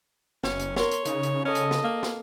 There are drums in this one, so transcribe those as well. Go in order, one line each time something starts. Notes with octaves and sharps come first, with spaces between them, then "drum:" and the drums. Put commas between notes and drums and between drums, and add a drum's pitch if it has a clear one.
F#1 C#4, drum: snare
drum: hi-hat
A#4 C#5 C6, drum: snare
drum: hi-hat
C#3 D#4, drum: hi-hat
drum: hi-hat
C#4 A4 D#5
drum: hi-hat
drum: snare
A#3
drum: snare